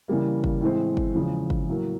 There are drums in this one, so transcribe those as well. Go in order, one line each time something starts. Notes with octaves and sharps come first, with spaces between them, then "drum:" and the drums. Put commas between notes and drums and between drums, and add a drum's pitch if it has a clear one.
C#3 E3 G3 A#3
drum: kick G1
A2 E3 G#3 C4
drum: kick G1
E2 C#3 F3 G#3
drum: kick G1
A2 F#3 A#3